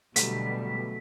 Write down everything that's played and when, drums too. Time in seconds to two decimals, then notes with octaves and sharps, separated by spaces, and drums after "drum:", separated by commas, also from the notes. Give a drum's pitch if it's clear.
0.16 B2 D3 F#3 G3 A3 B6, drum: hi-hat